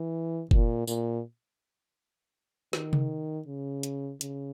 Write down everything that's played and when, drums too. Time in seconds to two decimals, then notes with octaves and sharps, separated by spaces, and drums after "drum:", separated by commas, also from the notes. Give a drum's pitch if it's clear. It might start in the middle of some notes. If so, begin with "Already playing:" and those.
Already playing: E3
0.51 A#2, drum: kick F#1
0.88 A#2, drum: tambourine
2.73 D#3, drum: snare
2.93 drum: tom C3
3.47 C#3
3.83 drum: hi-hat
4.21 C#3, drum: hi-hat